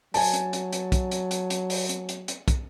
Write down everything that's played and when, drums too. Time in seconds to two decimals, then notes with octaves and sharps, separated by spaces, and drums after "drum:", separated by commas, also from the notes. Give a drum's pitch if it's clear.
0.14 F#3 G#5 A5, drum: open hi-hat
0.34 drum: hi-hat
0.53 drum: hi-hat
0.73 drum: hi-hat
0.92 drum: kick, hi-hat
1.11 drum: hi-hat
1.31 drum: hi-hat
1.50 drum: hi-hat
1.70 drum: open hi-hat
1.89 drum: hi-hat
2.09 drum: hi-hat
2.28 drum: hi-hat
2.48 drum: kick, hi-hat